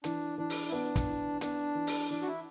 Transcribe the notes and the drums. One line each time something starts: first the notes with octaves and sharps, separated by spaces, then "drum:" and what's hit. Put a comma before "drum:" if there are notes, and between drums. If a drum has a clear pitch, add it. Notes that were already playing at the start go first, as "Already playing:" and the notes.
E3 D4, drum: hi-hat
E3 D4
drum: open hi-hat
E4
B3 D4
drum: kick, hi-hat
E3
B3 D4, drum: hi-hat
E3
drum: open hi-hat
E3 D4
F#4
E4